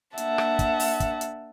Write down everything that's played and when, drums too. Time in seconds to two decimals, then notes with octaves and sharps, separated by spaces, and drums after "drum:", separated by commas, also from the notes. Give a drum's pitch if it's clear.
0.18 A#3 D4 E5 F#5 A5, drum: hi-hat
0.38 drum: rim click
0.59 drum: kick, hi-hat
0.80 drum: open hi-hat
1.00 drum: kick, hi-hat
1.21 drum: hi-hat